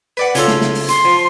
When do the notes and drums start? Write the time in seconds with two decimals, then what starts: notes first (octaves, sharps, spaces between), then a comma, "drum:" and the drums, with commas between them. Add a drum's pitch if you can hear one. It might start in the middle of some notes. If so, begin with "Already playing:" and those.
0.17 B4 D5 F#5
0.35 C#3 F4 A4, drum: hi-hat
0.48 drum: snare
0.61 drum: snare
0.75 drum: open hi-hat
0.88 C6, drum: hi-hat
1.05 F3